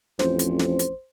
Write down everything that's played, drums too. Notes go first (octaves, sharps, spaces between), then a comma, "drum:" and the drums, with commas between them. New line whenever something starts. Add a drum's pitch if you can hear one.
A1 F2 C5, drum: snare
drum: hi-hat
drum: snare
drum: hi-hat